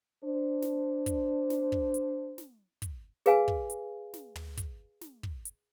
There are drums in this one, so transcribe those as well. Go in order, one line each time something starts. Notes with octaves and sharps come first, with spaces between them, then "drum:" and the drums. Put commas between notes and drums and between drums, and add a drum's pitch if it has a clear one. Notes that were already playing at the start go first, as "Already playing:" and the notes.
D4 C5
drum: snare
drum: kick, hi-hat
drum: snare
drum: kick
drum: hi-hat
drum: snare
drum: kick, hi-hat
G#4 B4 F5 G#5, drum: snare
drum: kick
drum: hi-hat
drum: snare
drum: tom
drum: kick, hi-hat
drum: snare
drum: kick
drum: hi-hat